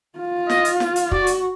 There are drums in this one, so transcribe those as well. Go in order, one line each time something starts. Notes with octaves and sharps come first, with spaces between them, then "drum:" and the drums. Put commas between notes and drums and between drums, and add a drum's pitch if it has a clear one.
F4
D#5, drum: snare
drum: hi-hat
drum: snare
drum: hi-hat
F#4 D5, drum: kick
drum: hi-hat